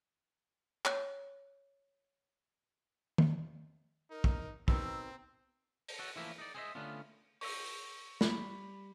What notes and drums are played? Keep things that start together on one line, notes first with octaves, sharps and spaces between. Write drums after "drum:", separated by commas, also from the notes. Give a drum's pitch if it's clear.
C#5 F#6, drum: clap
drum: tom D#3
D#4 A#4
drum: kick
B2 C4 D#4 A#4 E6, drum: kick
drum: open hi-hat
F#4 A4
E3 F3 A3 A#3 E4
D#4 D5
G#4 A4 C5 C#5 D#5 E5
D3 A3 B3 C#4 D4 F4
C#6 E6, drum: open hi-hat
G3 B5, drum: snare